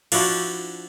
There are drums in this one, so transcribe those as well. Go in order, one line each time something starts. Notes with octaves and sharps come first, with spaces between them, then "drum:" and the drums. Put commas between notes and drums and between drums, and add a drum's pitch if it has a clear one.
F3 D4 E4 F#4, drum: cymbal